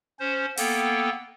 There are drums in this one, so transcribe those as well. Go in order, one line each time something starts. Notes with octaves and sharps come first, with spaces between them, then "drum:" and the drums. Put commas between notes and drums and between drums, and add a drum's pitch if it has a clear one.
C#4 C5
A#3 B3 A4 G5, drum: open hi-hat